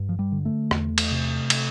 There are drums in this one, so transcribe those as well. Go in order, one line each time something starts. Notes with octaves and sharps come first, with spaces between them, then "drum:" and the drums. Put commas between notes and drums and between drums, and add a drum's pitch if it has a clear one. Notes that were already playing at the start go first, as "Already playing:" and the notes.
Already playing: G2
F3
G3
D3
A3
E2, drum: rim click
drum: cymbal
C3
drum: cymbal